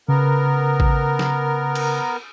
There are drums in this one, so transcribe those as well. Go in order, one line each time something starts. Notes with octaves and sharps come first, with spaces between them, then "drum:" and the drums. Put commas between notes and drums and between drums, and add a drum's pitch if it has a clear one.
C#3 B3 A#4
drum: kick
drum: snare
drum: cymbal